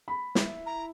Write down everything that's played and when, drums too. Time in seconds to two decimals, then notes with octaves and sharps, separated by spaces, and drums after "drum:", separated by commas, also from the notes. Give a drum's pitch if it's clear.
0.08 B5
0.35 E4, drum: snare
0.66 A#5